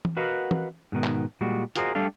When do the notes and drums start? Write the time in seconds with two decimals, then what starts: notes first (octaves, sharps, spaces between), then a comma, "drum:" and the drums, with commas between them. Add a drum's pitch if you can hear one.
0.05 drum: tom E3
0.17 F#4 A#4 B4 D#5 F5 F#5
0.51 drum: tom
0.92 G#2 B2 D#3 B3
1.04 drum: clap
1.41 A#2 G3 G#3 F#4
1.76 F4 F#4 G#4 A#4 C5 D#5, drum: hi-hat
1.95 G3 A3 D4 G4 A4 F5